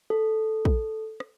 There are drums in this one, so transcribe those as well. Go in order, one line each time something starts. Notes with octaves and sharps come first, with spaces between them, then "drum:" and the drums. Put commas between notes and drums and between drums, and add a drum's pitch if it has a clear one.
A4
drum: kick
drum: rim click